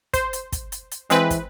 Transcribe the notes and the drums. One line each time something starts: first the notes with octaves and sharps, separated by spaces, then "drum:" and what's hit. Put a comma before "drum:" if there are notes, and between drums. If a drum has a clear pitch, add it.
C5, drum: kick, hi-hat
drum: hi-hat
drum: kick, hi-hat
drum: hi-hat
drum: hi-hat
E3 G#3 C4 B4, drum: hi-hat
drum: kick, hi-hat